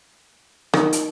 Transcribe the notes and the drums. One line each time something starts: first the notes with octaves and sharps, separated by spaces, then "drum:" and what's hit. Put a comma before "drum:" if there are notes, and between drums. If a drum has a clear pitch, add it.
D#3, drum: rim click
drum: hi-hat